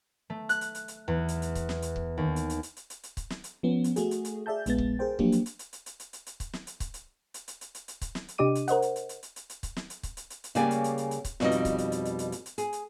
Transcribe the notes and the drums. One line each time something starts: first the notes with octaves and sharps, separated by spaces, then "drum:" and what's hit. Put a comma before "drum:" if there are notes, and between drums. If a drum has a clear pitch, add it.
A3
F#6, drum: hi-hat
drum: hi-hat
drum: hi-hat
drum: hi-hat
E2
drum: hi-hat
drum: hi-hat
drum: kick, hi-hat
drum: snare
drum: hi-hat
drum: kick
D#2
drum: hi-hat
drum: hi-hat
drum: hi-hat
drum: hi-hat
drum: hi-hat
drum: hi-hat
drum: kick, hi-hat
drum: snare
drum: hi-hat
F3 B3 C#4
drum: hi-hat
A3 F#4 G#4, drum: hi-hat
drum: hi-hat
drum: hi-hat
G#4 D5 E5 F5 A5 G6
A#1 G#3 B3 A6, drum: hi-hat
drum: kick
G#4 A#4 C5 G5
F3 F#3 A#3 C4 D4 G4, drum: kick
drum: hi-hat
drum: hi-hat
drum: hi-hat
drum: hi-hat
drum: hi-hat
drum: hi-hat
drum: hi-hat
drum: hi-hat
drum: kick, hi-hat
drum: snare
drum: hi-hat
drum: kick, hi-hat
drum: hi-hat
drum: hi-hat
drum: hi-hat
drum: hi-hat
drum: hi-hat
drum: hi-hat
drum: kick, hi-hat
drum: snare
drum: hi-hat
C3 D4 G4 D#5 D6 D#7
drum: hi-hat
A#4 C5 D#5 F#5, drum: hi-hat
drum: hi-hat
drum: hi-hat
drum: hi-hat
drum: hi-hat
drum: hi-hat
drum: hi-hat
drum: kick, hi-hat
drum: snare
drum: hi-hat
drum: kick, hi-hat
drum: hi-hat
drum: hi-hat
drum: hi-hat
C#3 G3 A#3 G4 D5 G#5, drum: hi-hat
drum: hi-hat
drum: hi-hat
drum: hi-hat
drum: hi-hat
drum: kick, hi-hat
F2 B2 G3 D#4 D#5, drum: snare
drum: hi-hat
drum: kick, hi-hat
drum: hi-hat
drum: hi-hat
drum: hi-hat
drum: hi-hat
drum: hi-hat
drum: hi-hat
G#4, drum: hi-hat
drum: hi-hat